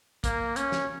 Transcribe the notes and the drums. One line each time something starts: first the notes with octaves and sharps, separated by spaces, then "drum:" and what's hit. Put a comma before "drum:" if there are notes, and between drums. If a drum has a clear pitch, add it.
A#3, drum: kick, hi-hat
C#4, drum: hi-hat
drum: snare